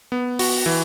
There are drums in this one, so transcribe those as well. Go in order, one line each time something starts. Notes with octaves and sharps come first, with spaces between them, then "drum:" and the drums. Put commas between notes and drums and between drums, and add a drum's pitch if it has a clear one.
B3
F#4, drum: open hi-hat
E3